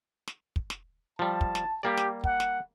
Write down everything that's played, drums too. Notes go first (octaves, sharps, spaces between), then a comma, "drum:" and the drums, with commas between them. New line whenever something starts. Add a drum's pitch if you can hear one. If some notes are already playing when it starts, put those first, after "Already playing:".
drum: snare
drum: kick
drum: snare
F3 G3 A5
drum: kick
drum: snare
G3 A#3 G4 D5
drum: snare
F#5, drum: kick
drum: snare